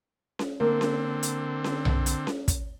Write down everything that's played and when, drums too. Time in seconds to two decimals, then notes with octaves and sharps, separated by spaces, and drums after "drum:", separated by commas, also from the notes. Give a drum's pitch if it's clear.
0.39 drum: snare C#4
0.60 D3 A#3 C4
0.81 drum: snare C#4
1.23 drum: hi-hat
1.64 drum: snare C#4
1.85 drum: tom B1
2.06 drum: hi-hat
2.27 drum: snare C#4
2.48 drum: kick, hi-hat